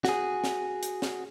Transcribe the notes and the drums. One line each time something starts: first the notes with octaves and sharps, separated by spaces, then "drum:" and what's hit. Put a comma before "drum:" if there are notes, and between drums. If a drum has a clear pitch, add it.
F#4 G#4, drum: snare
drum: snare
drum: hi-hat
drum: snare